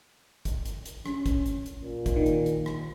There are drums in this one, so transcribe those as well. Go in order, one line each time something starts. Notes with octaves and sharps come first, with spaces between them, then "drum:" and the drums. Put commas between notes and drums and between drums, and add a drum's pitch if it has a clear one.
drum: kick, hi-hat
drum: hi-hat
drum: hi-hat
C#4, drum: rim click
drum: kick, hi-hat
drum: hi-hat
drum: hi-hat
A#2
drum: kick, hi-hat
D#3
drum: hi-hat
drum: hi-hat
drum: rim click